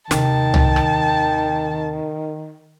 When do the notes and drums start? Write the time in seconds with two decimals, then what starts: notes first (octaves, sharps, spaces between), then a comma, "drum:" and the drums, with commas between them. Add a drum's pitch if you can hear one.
0.11 D#2 C3 D#3 G5 A5, drum: snare
0.54 drum: tom C2
0.76 drum: rim click